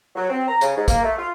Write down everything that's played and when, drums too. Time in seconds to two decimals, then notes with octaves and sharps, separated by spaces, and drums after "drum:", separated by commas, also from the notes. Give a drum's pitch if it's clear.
0.15 F#3
0.29 C4
0.48 A#5
0.61 C#3, drum: hi-hat
0.76 G#2
0.88 A#3, drum: kick, hi-hat
1.03 A3
1.17 F4